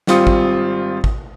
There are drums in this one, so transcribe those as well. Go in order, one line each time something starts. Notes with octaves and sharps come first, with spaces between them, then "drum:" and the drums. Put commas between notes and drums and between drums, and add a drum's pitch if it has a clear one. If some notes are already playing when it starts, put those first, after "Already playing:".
G#1 G3 C4 F4 D#6 C#7, drum: snare
drum: kick
drum: kick